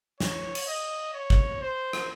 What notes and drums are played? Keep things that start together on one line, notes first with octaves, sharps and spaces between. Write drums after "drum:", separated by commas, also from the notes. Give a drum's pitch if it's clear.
C#5, drum: snare
drum: cymbal
D#5
C#5
drum: kick
C5
drum: rim click